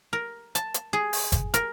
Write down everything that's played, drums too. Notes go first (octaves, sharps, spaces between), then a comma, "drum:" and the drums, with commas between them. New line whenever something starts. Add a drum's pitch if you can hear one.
A#4
A5, drum: hi-hat
drum: hi-hat
G#4
drum: open hi-hat
drum: kick F#1, hi-hat
A#4, drum: hi-hat